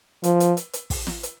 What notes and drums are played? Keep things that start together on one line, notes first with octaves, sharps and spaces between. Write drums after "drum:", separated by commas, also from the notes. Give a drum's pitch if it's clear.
F3, drum: hi-hat
drum: hi-hat
drum: hi-hat
drum: hi-hat
drum: kick, open hi-hat
drum: snare
drum: hi-hat